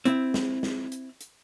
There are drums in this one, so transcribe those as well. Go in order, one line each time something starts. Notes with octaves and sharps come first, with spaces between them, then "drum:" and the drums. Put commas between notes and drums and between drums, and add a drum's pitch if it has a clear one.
C4 E4, drum: hi-hat
drum: snare
drum: snare
drum: hi-hat
drum: hi-hat